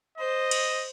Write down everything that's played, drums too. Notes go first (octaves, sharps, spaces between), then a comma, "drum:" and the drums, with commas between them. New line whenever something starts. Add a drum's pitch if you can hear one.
C5 D#5
drum: cymbal